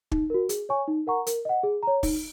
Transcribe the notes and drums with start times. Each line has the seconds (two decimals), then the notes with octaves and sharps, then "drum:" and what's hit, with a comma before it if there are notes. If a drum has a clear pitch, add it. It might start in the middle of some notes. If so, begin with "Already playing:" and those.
0.12 D#4, drum: kick
0.30 F#4 A#4
0.49 G#4, drum: hi-hat
0.69 C#5 G#5 C#6
0.87 D#4
1.07 A#4 F#5 A#5 C#6
1.27 A#4, drum: hi-hat
1.45 D#5 F#5
1.63 G#4
1.83 C#5 A#5
2.03 D#4, drum: kick, open hi-hat